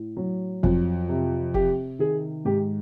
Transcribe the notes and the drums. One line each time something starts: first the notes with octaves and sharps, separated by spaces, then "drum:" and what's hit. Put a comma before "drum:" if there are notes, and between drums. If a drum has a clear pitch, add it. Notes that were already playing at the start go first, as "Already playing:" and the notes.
Already playing: A2
F#3
F2, drum: kick
C3
C3 G4, drum: kick
D#3 G#4
G#2 G4